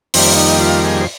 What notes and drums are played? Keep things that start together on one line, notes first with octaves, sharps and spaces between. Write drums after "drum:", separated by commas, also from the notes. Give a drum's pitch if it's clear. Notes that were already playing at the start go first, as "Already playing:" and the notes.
F2 D#3 G3 A#3 C4, drum: open hi-hat
D#4
F4
G#4
C5